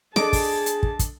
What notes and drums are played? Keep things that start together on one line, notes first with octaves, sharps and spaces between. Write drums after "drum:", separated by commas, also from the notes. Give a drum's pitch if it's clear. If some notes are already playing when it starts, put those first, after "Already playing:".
D4 G#4 A4 D#5 A5 D6, drum: snare
drum: kick, open hi-hat
drum: hi-hat
drum: kick
drum: kick, hi-hat